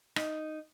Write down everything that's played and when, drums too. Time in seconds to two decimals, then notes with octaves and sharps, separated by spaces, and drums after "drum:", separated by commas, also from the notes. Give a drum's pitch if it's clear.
0.16 D#4, drum: rim click